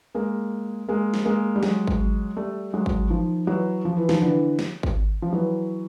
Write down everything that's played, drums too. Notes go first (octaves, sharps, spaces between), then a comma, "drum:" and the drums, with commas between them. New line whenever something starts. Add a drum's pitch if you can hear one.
G#3 A#3
G#3 A#3
drum: snare
G#3 A#3
G3
F#3 G#3, drum: snare
drum: kick G#1
G3 A3
F#3 G#3
drum: kick G#1
D#3 F3
E3 F#3
F3
E3
D#3 F3, drum: snare
D3 E3
drum: snare
drum: kick G#1
F3
E3 F#3